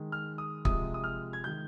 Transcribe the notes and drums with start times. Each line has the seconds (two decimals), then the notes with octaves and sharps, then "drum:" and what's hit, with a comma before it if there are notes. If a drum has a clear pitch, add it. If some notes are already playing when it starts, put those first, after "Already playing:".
Already playing: D#3 G#3
0.12 F6
0.38 D#6
0.65 C3 F3 G#3 D#6, drum: kick
0.94 D#6
1.04 F6
1.33 G#6
1.44 D#3 G#3 G6